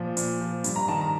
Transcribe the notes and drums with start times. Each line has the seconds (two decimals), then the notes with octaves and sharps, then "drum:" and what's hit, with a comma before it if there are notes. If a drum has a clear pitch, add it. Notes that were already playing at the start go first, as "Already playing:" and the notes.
Already playing: A#2 F3
0.17 A#2, drum: hi-hat
0.41 F3
0.64 G2, drum: hi-hat
0.76 A#5
0.88 D#3 A5
1.01 A#5